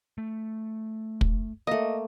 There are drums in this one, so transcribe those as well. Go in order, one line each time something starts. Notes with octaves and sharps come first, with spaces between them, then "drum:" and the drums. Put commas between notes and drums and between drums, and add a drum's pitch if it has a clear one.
A3
drum: kick
A3 A#3 D#5